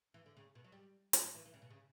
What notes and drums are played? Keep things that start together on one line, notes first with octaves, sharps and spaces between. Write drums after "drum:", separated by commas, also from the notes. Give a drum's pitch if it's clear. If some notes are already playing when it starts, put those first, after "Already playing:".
E3
D3
C#3
B2
F#3
G3
A3, drum: hi-hat
F#3
E3
E3
C#3
B2
C#3